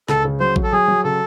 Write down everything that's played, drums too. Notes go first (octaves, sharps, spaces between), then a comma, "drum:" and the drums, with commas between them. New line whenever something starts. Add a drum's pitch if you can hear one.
C#2 A4, drum: snare
C#3
F#3 C5
F#3, drum: kick A1
A4
F#3 G#4
F#3
C#3 A4